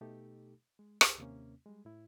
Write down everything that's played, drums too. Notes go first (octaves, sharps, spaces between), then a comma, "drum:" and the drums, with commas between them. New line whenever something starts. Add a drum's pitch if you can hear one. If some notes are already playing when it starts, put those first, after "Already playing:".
B2 A3 D#4 G4 A4
G#3
G4 G#4 A#4 C5 G5 A5, drum: rim click
D#2 C3 A#3 C#4
G3 G#3
A2 E4